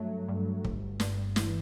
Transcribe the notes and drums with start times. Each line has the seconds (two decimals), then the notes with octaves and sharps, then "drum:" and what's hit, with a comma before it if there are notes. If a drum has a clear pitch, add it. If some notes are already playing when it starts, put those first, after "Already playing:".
Already playing: G2 F#3 A3
0.28 G2
0.64 G1, drum: kick
1.00 G2, drum: snare
1.36 E3, drum: snare